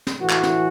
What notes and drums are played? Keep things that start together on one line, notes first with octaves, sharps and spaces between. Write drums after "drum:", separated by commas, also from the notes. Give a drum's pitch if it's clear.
drum: snare
A2 E3 A3 F#4
drum: clap
drum: snare